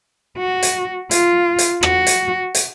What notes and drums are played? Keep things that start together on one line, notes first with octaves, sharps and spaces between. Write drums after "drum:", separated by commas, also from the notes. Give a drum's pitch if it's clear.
F#4
drum: hi-hat
F4, drum: hi-hat
drum: hi-hat
F#4, drum: rim click
drum: hi-hat
drum: hi-hat